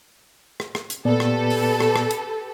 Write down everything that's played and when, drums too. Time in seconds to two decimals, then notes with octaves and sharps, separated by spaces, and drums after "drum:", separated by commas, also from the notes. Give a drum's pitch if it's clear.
0.60 drum: rim click
0.75 drum: rim click
0.90 drum: hi-hat
1.05 A#2 B3 G4 A4 B4 D5
1.20 drum: rim click
1.50 drum: open hi-hat
1.80 drum: rim click
1.96 drum: rim click
2.11 drum: hi-hat